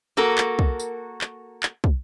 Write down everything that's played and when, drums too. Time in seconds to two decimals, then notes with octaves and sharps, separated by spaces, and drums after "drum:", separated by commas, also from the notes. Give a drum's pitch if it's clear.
0.17 A#3 F#4 A4 A#4
0.38 drum: clap
0.59 drum: kick
0.80 drum: tambourine
1.21 drum: clap
1.63 drum: clap
1.84 drum: kick